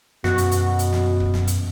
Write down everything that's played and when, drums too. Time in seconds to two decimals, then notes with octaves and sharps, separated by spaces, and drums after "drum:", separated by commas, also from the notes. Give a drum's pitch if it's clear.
0.24 F#2 B2 F#4, drum: snare
0.38 drum: hi-hat
0.52 drum: hi-hat
0.79 drum: hi-hat
0.93 drum: snare
1.20 drum: kick
1.34 drum: snare
1.47 drum: hi-hat